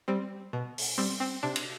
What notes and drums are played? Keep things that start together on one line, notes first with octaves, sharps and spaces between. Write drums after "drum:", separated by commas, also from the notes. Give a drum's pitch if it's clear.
G3 C4
B2
drum: open hi-hat
G3 C4
C4
C3 D4
drum: cymbal